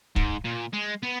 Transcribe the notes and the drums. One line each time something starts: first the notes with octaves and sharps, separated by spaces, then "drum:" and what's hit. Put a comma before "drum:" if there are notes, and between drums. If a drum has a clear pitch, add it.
G#2, drum: kick
A#2
G#3
B3